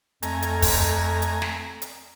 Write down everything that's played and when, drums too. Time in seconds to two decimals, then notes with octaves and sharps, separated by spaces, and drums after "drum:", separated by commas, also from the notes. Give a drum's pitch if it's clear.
0.23 F2 A3 G#5 A#5, drum: hi-hat
0.42 drum: hi-hat
0.62 drum: kick, open hi-hat
1.22 drum: hi-hat
1.42 drum: snare
1.82 drum: hi-hat